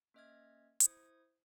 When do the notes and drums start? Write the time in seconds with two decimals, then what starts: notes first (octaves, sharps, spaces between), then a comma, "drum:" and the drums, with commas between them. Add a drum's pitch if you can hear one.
0.14 A#3 C#4 D#5 E5 F6 G#6
0.80 E4 C5 D#6 G#6, drum: hi-hat